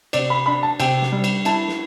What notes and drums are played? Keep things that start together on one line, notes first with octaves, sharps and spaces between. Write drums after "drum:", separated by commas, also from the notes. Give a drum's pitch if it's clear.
C3 D5, drum: cymbal
B5
D4 B5
A5
C3 G5, drum: cymbal
drum: snare
G3
drum: cymbal
E4 A5, drum: cymbal
drum: snare